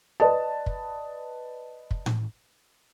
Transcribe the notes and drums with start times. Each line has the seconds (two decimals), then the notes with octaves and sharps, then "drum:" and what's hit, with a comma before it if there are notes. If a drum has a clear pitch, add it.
0.20 B4 D5 D#5 A5
0.66 drum: kick
1.91 drum: kick
2.06 drum: tom A2